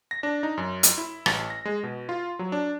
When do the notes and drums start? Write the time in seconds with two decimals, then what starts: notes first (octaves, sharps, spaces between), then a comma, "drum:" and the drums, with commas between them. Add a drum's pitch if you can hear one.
0.11 A#6
0.23 D4
0.43 D#4
0.58 F#2
0.83 drum: hi-hat
0.98 E4
1.26 A1, drum: rim click
1.50 A#6
1.65 G#3
1.83 B2
2.09 F4
2.39 F#3
2.52 D4